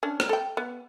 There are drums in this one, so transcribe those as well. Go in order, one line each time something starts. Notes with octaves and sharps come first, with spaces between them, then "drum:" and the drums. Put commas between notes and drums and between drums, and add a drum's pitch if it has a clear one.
C#4 D4
drum: rim click
A4 G5
B3